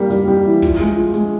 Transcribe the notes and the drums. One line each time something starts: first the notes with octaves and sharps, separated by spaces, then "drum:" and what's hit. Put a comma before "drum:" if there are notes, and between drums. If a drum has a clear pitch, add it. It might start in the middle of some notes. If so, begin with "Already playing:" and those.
Already playing: G3 A#3
G3, drum: hi-hat
G3
E3
F3, drum: kick, hi-hat
G#3
F3
G#3, drum: hi-hat